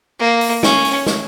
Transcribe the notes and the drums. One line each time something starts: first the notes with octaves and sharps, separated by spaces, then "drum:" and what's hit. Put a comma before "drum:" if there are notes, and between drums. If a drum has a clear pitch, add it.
A#3
drum: open hi-hat
C#4, drum: snare
drum: open hi-hat
drum: snare